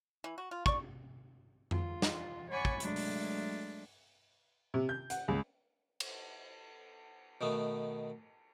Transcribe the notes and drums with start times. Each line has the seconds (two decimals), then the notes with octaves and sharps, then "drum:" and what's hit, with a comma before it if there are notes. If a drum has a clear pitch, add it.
0.24 E3
0.38 F#4
0.51 F4
0.66 D5 C#6, drum: kick
1.71 F4, drum: tom F2
2.02 drum: snare
2.51 C#5 D5 F#5 G#5 B5 C#6
2.65 drum: kick
2.80 F#3 G#3 A3 D4, drum: hi-hat
2.96 drum: open hi-hat
4.74 C3
4.89 G6
5.10 F#5, drum: hi-hat
5.28 C#2
6.00 drum: cymbal
7.41 B2 D#3 A3 B3